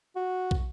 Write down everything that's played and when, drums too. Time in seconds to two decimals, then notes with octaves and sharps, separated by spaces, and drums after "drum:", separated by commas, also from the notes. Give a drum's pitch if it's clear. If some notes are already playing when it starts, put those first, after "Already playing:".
0.16 F#4
0.51 drum: kick